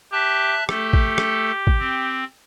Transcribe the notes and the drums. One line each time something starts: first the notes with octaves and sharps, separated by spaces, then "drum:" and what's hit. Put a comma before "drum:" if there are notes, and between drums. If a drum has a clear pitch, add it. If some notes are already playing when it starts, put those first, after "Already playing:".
G4 E5 A5 F#6
A3 G4 A4, drum: rim click
drum: kick
drum: rim click
drum: kick
C4